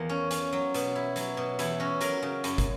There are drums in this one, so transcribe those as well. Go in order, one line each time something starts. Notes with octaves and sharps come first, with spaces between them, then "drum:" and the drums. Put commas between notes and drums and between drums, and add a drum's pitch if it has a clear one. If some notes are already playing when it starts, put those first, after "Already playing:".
Already playing: E2 D#3 A#3 A#4
C#4
C#4, drum: hi-hat
F#3
B2, drum: hi-hat
E4
F#3, drum: hi-hat
B2
E2 E4, drum: hi-hat
C#4 F#4
F#3 A#4, drum: hi-hat
C#3
F#2, drum: hi-hat
drum: kick, hi-hat